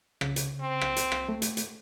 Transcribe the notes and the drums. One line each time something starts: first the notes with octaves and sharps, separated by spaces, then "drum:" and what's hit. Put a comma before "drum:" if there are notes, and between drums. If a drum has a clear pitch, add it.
C#3, drum: rim click
drum: hi-hat
C4
drum: rim click
drum: hi-hat
drum: rim click
A3
drum: hi-hat
drum: hi-hat